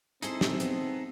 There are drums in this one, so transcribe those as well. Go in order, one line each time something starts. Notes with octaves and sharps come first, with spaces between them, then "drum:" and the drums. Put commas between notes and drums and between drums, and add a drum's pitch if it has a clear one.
C4 D#4 E4 G#4 A4 C5, drum: hi-hat
drum: snare
B3, drum: hi-hat